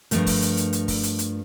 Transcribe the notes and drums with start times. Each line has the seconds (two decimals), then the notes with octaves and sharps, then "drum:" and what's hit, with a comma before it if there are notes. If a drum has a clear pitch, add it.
0.11 G2 E3 F3 A3 A#4, drum: hi-hat
0.27 drum: kick, open hi-hat
0.42 drum: hi-hat
0.57 drum: hi-hat
0.73 drum: hi-hat
0.88 drum: kick, open hi-hat
1.03 drum: hi-hat
1.19 drum: hi-hat